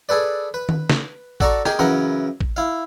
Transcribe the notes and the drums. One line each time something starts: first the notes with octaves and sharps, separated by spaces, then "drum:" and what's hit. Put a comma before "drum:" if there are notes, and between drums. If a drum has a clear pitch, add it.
G#4 A4 B4 D5
B4
drum: tom D#3
drum: snare
F#4 A4 D5 A5 A#5 C#6, drum: kick A1
G4 G#4 A#4 D#5, drum: rim click
F#2 C#3 E3 A#4 F#5 A#5
drum: kick A1
E4 F5